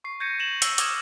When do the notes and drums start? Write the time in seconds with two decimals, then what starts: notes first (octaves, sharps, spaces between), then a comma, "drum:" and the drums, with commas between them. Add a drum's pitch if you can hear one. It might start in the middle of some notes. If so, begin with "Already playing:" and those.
0.04 C#6 C7
0.20 G6 G#6 A#6 C#7 D#7
0.39 A#6 E7 F#7
0.62 E6 C7, drum: hi-hat
0.78 D6 D#6 F6 G#6 E7 F#7, drum: hi-hat